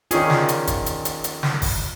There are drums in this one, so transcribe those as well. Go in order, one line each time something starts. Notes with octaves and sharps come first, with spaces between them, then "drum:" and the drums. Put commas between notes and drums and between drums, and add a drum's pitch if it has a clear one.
D#3 C#4 F4 G#4 D5, drum: hi-hat
drum: snare
drum: hi-hat
drum: kick, hi-hat
drum: hi-hat
drum: hi-hat
drum: hi-hat
drum: snare
drum: kick, open hi-hat